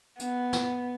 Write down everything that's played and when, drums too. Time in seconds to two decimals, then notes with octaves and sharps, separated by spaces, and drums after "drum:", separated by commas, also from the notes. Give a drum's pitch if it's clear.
0.20 B3, drum: hi-hat
0.53 drum: snare